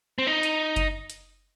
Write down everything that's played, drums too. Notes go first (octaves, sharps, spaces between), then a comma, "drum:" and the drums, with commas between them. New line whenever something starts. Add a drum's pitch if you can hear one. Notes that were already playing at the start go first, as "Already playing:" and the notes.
C4
D#4
drum: hi-hat
drum: kick F#1, hi-hat
drum: hi-hat